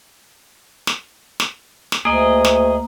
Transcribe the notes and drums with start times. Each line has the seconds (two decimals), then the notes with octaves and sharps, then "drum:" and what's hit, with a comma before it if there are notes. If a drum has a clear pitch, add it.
0.87 drum: snare
1.40 drum: snare
1.92 drum: snare
2.05 D2 A#3 G#4 D#5
2.45 drum: snare